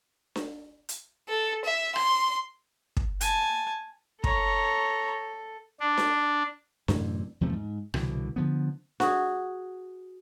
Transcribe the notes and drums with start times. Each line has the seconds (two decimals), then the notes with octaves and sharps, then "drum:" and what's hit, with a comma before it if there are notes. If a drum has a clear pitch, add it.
0.36 drum: snare D4
0.89 drum: hi-hat
1.28 A4
1.64 E5
1.96 C6, drum: rim click
2.97 drum: kick
3.21 G#5 A5, drum: hi-hat
4.24 A4 C#5 A#5, drum: kick
5.80 D4
5.97 drum: snare D4
6.88 F#2 A2 C3 E3, drum: snare D4
7.41 E2 C3 F3 A3
7.53 G#2
7.94 C2 B2 D3 E3, drum: rim click
8.36 D3 F3 B3
9.00 F#4 G#4, drum: snare D4